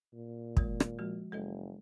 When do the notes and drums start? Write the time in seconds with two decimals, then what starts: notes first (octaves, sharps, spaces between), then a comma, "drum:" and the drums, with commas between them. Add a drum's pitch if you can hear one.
0.13 A#2
0.57 D#3 G#3, drum: kick
0.80 drum: rim click
0.99 F3 G#3 F#4
1.32 F#1 G#3 A4 D#5